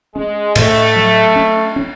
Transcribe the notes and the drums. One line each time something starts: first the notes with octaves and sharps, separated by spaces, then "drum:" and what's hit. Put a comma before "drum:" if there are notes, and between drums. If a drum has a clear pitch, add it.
G#3 C#4
A2 A3, drum: cymbal
F#3
C#4
C#4